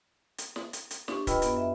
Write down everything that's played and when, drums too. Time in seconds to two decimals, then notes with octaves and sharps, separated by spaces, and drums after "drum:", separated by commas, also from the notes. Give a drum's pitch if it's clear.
0.38 drum: hi-hat
0.56 drum: snare
0.73 drum: hi-hat
0.91 drum: hi-hat
1.08 D4 G4 C#6, drum: snare
1.27 F4 B4 D#5 G5 B5 E6, drum: kick, hi-hat
1.42 F#2 B3, drum: hi-hat
1.57 E5